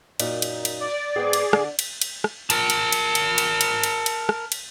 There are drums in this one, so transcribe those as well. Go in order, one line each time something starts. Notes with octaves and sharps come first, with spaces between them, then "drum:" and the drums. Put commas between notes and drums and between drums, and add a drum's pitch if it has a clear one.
F#2 A#2 D#4, drum: cymbal
drum: cymbal
drum: cymbal
D5
G#2 B3 G#4 G5
drum: cymbal
D3, drum: rim click
drum: cymbal
drum: cymbal
drum: rim click
A#4 A5, drum: cymbal
drum: cymbal
drum: cymbal
drum: cymbal
drum: cymbal
drum: cymbal
drum: cymbal
drum: cymbal
drum: rim click
drum: cymbal